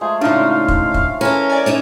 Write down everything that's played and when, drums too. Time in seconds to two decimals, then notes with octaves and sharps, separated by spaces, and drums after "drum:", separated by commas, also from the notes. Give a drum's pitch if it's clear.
0.01 F3 G#3 A3 G#4
0.21 A2 C#3 D4 D#4 F4 C#5 F5
0.50 F5
0.68 drum: kick
0.94 drum: kick
1.21 E3 C#4 A4 A#4
1.50 D5 G#5
1.66 C#4 D#4 E5